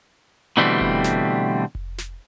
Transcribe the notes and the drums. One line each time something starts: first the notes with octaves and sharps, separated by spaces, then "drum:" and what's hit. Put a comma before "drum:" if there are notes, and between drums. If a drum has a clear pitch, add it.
B2 D3 E3 G3 A3 C4
drum: kick F1
drum: snare
drum: kick F1
drum: snare